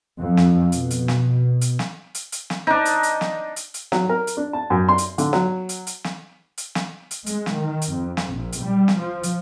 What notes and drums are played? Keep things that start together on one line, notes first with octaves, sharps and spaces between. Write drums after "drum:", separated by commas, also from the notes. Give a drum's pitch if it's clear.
F2
drum: snare
B2, drum: hi-hat
drum: hi-hat
drum: snare
drum: hi-hat
drum: snare
drum: hi-hat
drum: hi-hat
drum: snare
D4 D#4
drum: hi-hat
drum: hi-hat
drum: snare
drum: hi-hat
drum: hi-hat
F#3, drum: snare
A#4
drum: hi-hat
D4
A5
F#2
C6
drum: hi-hat
D3, drum: hi-hat
F#3, drum: snare
drum: hi-hat
drum: hi-hat
drum: snare
drum: hi-hat
drum: snare
drum: hi-hat
G#3, drum: hi-hat
drum: snare
D#3
drum: hi-hat
F2
drum: snare
A#1
drum: hi-hat
G3
drum: snare
F3
drum: hi-hat